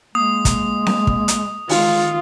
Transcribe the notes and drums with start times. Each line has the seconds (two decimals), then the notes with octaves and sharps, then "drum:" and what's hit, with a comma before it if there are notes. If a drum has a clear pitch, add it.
0.15 G#3 A#3 D#6
0.45 drum: kick, hi-hat
0.86 drum: snare C4
1.07 drum: kick
1.28 drum: hi-hat
1.69 D#3 G#3 F4, drum: open hi-hat